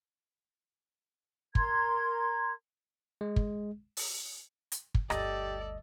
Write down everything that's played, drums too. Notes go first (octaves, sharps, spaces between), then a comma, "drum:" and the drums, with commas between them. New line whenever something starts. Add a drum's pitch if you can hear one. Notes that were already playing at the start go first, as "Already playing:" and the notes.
A#4 A#5 C6 G#6, drum: kick
G#3
drum: kick
drum: open hi-hat
drum: hi-hat
drum: kick
G1 D2 G4 A4 D5 D#5, drum: rim click